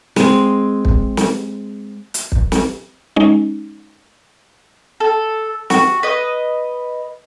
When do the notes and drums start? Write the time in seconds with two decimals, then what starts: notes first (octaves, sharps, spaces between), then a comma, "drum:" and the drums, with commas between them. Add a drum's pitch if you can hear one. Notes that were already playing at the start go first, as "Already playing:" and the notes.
0.16 G#3 C4, drum: snare
0.85 drum: kick
1.17 drum: snare
2.14 drum: hi-hat
2.32 drum: kick
2.52 drum: snare
3.16 G#3 C#4 D#4
5.00 A4
5.70 F#4, drum: snare
6.03 B4 D#5